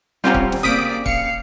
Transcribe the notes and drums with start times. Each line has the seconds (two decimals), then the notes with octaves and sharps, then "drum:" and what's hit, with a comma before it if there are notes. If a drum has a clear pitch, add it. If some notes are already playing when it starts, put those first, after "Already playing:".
0.24 G3 C4 C#4 F4 G4 F5 F#5 A#5
0.34 drum: kick
0.52 drum: snare
0.63 C#3 A#3 C4 D5 D#6 B6 D7
1.06 F5 C#7, drum: kick